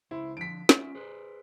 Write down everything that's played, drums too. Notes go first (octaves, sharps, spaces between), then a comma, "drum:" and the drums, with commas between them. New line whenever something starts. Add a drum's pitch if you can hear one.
C#2 E4 C5
D3 F3 B6 D7
C#4 F4 E5, drum: snare
G#4 B4 C5